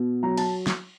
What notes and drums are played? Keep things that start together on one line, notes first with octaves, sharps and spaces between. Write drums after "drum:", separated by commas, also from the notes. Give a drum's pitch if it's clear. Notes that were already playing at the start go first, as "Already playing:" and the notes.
Already playing: B2
F#3 A#5
A5, drum: cymbal
drum: snare